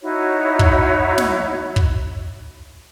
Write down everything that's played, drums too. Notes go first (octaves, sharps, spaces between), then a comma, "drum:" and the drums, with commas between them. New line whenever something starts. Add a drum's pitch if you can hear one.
D#4 E4 F#4 C#5
drum: kick
drum: snare
drum: kick